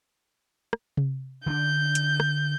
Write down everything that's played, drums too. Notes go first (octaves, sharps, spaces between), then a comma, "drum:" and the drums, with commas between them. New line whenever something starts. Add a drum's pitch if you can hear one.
drum: rim click
drum: tom C3
D3 D4 G6
drum: hi-hat
drum: rim click